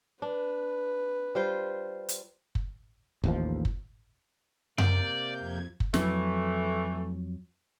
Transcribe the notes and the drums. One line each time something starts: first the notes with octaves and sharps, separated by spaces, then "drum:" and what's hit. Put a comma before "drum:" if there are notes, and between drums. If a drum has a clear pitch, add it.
D4 B4
G3 F4 C5
drum: hi-hat
drum: kick
A1 D#2 F3, drum: kick
drum: kick
C3 A#3 D5 G6, drum: tom F#2
F2 G#6
drum: kick
F2 E3 F#3 A3, drum: snare